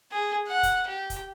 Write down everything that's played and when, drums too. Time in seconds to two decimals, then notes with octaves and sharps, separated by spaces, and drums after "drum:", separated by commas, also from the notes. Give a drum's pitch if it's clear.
0.12 G#4
0.48 F#5
0.63 drum: kick, hi-hat
0.88 G4
1.10 drum: kick, hi-hat